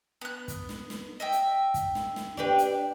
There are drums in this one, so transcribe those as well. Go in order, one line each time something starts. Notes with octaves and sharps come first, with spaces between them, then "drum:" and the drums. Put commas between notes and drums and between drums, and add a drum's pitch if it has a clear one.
B3 F#6
drum: kick, hi-hat
drum: snare
drum: snare
D#5 E5 G5
drum: hi-hat
drum: kick, hi-hat
drum: snare
drum: snare
D4 G4 B4
drum: hi-hat